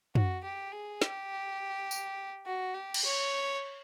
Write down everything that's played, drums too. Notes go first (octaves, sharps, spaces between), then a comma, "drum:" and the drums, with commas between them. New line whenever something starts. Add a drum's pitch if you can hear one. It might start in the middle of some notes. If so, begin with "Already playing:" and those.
F#4, drum: tom
G4
G#4
G4, drum: snare
drum: tambourine
F#4
G4
drum: cymbal
C#5